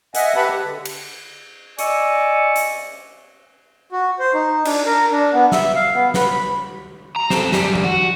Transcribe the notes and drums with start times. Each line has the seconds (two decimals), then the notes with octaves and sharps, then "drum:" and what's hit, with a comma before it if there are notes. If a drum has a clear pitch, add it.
0.15 D#5 E5 F#5 G#5, drum: hi-hat
0.36 G4 B4 E5 F#5 A5 B5
0.49 G4
0.64 D3
0.85 drum: cymbal
1.79 D5 D#5 G#5 C#6 E6, drum: hi-hat
2.56 drum: hi-hat
3.92 F#4
4.19 C5
4.34 D#4
4.65 D4, drum: cymbal
4.86 A#4
5.11 D4
5.34 B3
5.52 E5, drum: snare
5.75 F5
5.95 B3
6.14 B4, drum: snare
6.31 B5
7.16 A#5
7.30 C4 A4, drum: snare
7.52 F#2 G3, drum: snare
7.75 drum: tom F3
7.85 F#4